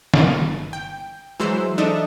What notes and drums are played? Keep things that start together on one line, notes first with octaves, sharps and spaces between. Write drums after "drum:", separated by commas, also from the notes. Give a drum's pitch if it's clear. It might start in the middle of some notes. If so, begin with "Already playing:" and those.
G1 D#7, drum: snare
G5
E3 F#3 G#3 C5 E6
D4 D#4 A4 D#5 E5